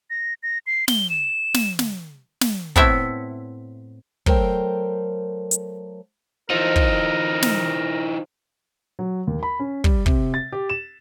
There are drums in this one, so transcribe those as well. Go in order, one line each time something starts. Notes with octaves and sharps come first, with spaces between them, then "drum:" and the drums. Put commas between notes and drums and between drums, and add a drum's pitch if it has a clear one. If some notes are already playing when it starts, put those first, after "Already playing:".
A#6
A#6
C7
G7, drum: snare
E7
drum: snare
drum: snare
drum: snare
A2 B3 C4 E4 C#5 E5, drum: kick
F#3 A3 A#4 C5 G5, drum: kick
drum: hi-hat
E3 F3 D#4 A#4
drum: kick
drum: snare
F#3
D#2
B5
C#4
G3, drum: kick
C3, drum: kick
A6
G4
E7